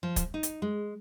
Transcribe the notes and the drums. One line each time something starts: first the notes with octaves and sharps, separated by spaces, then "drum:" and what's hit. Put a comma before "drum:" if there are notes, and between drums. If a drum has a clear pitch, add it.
F3
drum: kick, hi-hat
D#4
drum: hi-hat
G#3